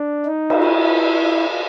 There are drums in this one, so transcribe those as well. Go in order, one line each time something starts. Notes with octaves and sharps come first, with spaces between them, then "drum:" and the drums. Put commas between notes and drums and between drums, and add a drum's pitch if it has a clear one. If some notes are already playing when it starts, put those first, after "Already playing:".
Already playing: D4
D#4
drum: cymbal
E4